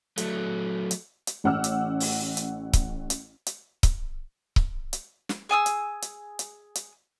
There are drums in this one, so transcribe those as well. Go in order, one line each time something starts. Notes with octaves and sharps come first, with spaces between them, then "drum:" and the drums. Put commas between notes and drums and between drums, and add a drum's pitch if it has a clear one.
F#3 A3, drum: hi-hat
drum: hi-hat
drum: hi-hat
A1 C#4 F#5 D6 E6 F6
drum: hi-hat
drum: open hi-hat
drum: hi-hat
drum: kick C#1, hi-hat
drum: hi-hat
drum: hi-hat
drum: kick C#1, hi-hat
drum: kick C#1
drum: hi-hat
drum: snare
G#4 G#5 D#6 E6
drum: hi-hat
drum: hi-hat
drum: hi-hat
drum: hi-hat